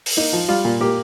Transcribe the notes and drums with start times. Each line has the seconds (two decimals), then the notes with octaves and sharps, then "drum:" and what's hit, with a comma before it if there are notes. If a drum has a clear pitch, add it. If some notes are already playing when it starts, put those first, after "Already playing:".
0.06 drum: open hi-hat
0.17 A#3 D#4
0.33 F3
0.48 G3 F4
0.65 A#2
0.81 A#3 G4